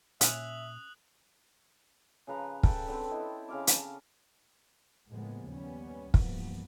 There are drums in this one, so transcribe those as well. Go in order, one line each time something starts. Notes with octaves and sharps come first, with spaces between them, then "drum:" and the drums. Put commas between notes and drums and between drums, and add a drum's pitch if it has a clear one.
A#2 C#4 E5 D#6 F#6 F#7, drum: hi-hat
C#3 F3 B4 A#5
A4 B4 G5, drum: kick
D3 C4 B4
C4 E4 D#5
C#3 F5 D6
drum: hi-hat
A2 C#3 F3 G#3 A#3 B3
D#2 G3 B3 C#4
C2 G2 E3 F3 A#3 B3, drum: kick